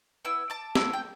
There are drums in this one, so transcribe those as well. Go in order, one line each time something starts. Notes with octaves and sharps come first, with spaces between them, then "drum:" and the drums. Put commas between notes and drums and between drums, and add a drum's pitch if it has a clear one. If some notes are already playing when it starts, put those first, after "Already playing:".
B3 E4 E6
A5 D6
B3 E4 E6, drum: snare
G5